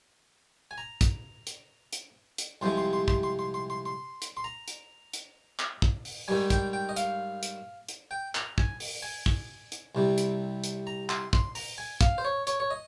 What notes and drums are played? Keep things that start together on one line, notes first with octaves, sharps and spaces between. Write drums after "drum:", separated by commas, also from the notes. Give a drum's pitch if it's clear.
G#5
A#5
drum: kick, hi-hat
drum: hi-hat
drum: hi-hat
drum: hi-hat
C2 C3 F3 G#3 C6
C6
C6
C6, drum: kick
C6
C6
C6
C6
C6
drum: hi-hat
C6
A#5
drum: hi-hat
drum: hi-hat
drum: clap
drum: kick
drum: open hi-hat
G#2 D#3 G3 G#5
G5, drum: kick, hi-hat
G5
D#5
F5, drum: hi-hat
drum: hi-hat
drum: hi-hat
G5
A#5, drum: clap
G#5, drum: kick
drum: open hi-hat
G#5
drum: kick
drum: hi-hat
C2 C3 G3
drum: hi-hat
drum: hi-hat
A#5
C6, drum: clap
C6, drum: kick
A#5, drum: open hi-hat
G#5
F5, drum: kick, hi-hat
C5
C#5
C#5, drum: hi-hat
C#5
D#5